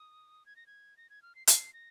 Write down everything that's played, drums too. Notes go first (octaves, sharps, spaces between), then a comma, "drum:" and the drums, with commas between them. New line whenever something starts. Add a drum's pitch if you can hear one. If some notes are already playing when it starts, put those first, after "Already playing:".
Already playing: D#6
G#6
A#6
G#6
A#6
G#6
F6
C7
C7, drum: hi-hat
A#6